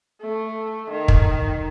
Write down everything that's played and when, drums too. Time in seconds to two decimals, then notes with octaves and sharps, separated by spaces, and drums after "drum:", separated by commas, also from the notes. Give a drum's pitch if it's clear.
0.22 A3
0.90 D#3
1.08 drum: kick